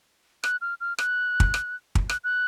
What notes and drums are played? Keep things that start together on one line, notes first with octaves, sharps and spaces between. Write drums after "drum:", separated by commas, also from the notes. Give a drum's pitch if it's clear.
F#6, drum: rim click
F6
F6
F#6, drum: rim click
drum: kick
drum: rim click
drum: kick
F#6, drum: rim click
F#6